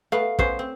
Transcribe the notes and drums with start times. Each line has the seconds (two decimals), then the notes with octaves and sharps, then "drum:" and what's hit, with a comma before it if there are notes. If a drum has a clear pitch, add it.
0.12 A3 B3 F5
0.39 B3 C#4 C5, drum: kick
0.59 C4